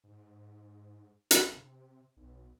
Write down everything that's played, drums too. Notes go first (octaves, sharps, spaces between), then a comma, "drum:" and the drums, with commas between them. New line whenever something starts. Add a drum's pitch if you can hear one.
G#2
drum: hi-hat
C3
B1